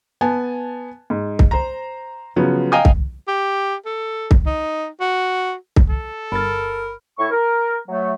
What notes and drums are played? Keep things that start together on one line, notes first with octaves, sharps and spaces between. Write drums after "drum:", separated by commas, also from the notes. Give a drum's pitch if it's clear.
B3 G#5 A5
G#2
drum: kick C2
C5 A#5
C#3 F3 F#3 B3
D#5 F5 G5 G#5 A#5 D#6
drum: kick C2
G4
A4
drum: kick C2
D#4
F#4
drum: kick C2
A4
G1 A#4 B5 F6 A6
A2 E4 C#6
A#4
F#3 A3